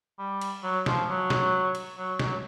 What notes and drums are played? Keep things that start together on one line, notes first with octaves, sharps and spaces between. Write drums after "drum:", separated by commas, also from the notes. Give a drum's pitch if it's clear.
G3
drum: cymbal
F#3
F3, drum: snare
F#3
drum: snare
drum: cymbal
F#3
F#3, drum: snare